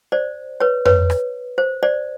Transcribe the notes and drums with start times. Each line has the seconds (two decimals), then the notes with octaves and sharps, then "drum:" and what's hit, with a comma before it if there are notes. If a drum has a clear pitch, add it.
0.12 C5 D5
0.60 B4 C#5
0.85 B4 C#5, drum: tom F2
1.10 drum: rim click
1.58 C5
1.83 C5 D5